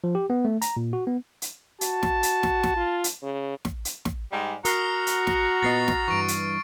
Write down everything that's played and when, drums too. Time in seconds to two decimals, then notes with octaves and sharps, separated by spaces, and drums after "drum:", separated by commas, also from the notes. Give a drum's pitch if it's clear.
0.04 F3
0.15 G4
0.30 B3
0.45 A3
0.62 A#5, drum: hi-hat
0.77 A#2
0.93 F#4
1.07 B3
1.42 drum: hi-hat
1.81 F#4 A5, drum: hi-hat
2.03 drum: snare
2.23 drum: hi-hat
2.43 drum: snare
2.63 drum: snare
2.76 F4
3.04 drum: hi-hat
3.23 C#3
3.65 drum: snare
3.85 drum: hi-hat
4.05 drum: snare
4.33 G#2 G3 G#3
4.65 F#4 A#4 A#5 D#6 F6 C7, drum: hi-hat
5.07 drum: hi-hat
5.27 drum: snare
5.63 A#2 B3 D#5 A6 C7
5.88 drum: snare
6.08 G2 E3 C#6 D7
6.28 drum: hi-hat